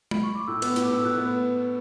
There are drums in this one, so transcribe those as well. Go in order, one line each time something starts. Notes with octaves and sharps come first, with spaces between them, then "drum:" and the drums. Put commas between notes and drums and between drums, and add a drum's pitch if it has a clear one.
B5, drum: tom G#3
C#6
D6
A2 E6
B3, drum: cymbal
A2, drum: hi-hat
D6
A2 E6
A2 F#6
B3